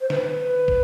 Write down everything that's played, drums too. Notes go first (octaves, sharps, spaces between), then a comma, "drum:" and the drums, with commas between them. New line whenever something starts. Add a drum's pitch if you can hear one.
C5
B4, drum: snare
drum: kick